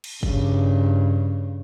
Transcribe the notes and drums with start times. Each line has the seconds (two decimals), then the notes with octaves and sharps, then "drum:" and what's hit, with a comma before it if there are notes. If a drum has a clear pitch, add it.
0.04 drum: cymbal
0.23 G2 C#3, drum: kick